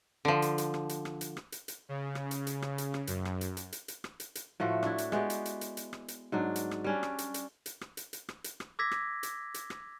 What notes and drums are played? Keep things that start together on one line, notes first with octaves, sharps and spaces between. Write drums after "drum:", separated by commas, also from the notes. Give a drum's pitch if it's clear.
D3 F3
drum: hi-hat
drum: hi-hat
drum: rim click
drum: hi-hat
drum: rim click
drum: hi-hat
drum: rim click
drum: hi-hat
drum: hi-hat
C#3
drum: rim click
drum: hi-hat
drum: hi-hat
drum: rim click
drum: hi-hat
drum: rim click
F#2, drum: hi-hat
drum: rim click
drum: hi-hat
drum: hi-hat
drum: hi-hat
drum: hi-hat
drum: rim click
drum: hi-hat
drum: hi-hat
A2 F3 A3 F#4
D4 E4, drum: rim click
drum: hi-hat
G#3 B3 F#4 G4, drum: rim click
drum: hi-hat
drum: hi-hat
drum: hi-hat
drum: hi-hat
drum: rim click
drum: hi-hat
G#2 F#3 D4
drum: hi-hat
drum: rim click
G3 C#4 D4
drum: rim click
drum: hi-hat
drum: hi-hat
drum: hi-hat
drum: rim click
drum: hi-hat
drum: hi-hat
drum: rim click
drum: hi-hat
drum: rim click
D6 E6 G#6 A#6 B6
drum: rim click
drum: hi-hat
drum: hi-hat
drum: rim click